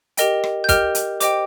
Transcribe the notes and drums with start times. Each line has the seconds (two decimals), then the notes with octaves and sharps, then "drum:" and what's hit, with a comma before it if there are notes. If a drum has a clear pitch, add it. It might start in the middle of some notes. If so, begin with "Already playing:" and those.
0.17 G4 A#4 D#5 G5, drum: hi-hat
0.44 drum: rim click
0.64 G6
0.69 G4 A#4 D#5 G5 F6, drum: kick, hi-hat
0.95 drum: hi-hat
1.20 G4 C5 D#5 G5 D6, drum: hi-hat